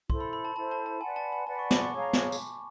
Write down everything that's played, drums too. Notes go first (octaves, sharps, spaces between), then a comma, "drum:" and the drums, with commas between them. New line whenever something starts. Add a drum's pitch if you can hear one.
E4 A4 C5 C6, drum: kick
B5
B5
A5
E4 A4 C5 A5
A5
A5
B4 D5 F#5 G#5
A5
G#5
B4 D5 F#5 A5
C#6
D6, drum: snare
C#6
G#4 C#5 F5 A#5
drum: snare
drum: tambourine